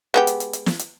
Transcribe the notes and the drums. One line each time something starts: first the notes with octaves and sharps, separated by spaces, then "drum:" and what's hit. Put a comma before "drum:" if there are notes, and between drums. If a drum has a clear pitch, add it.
G#3 B3 G4
drum: hi-hat
drum: hi-hat
drum: hi-hat
drum: snare
drum: hi-hat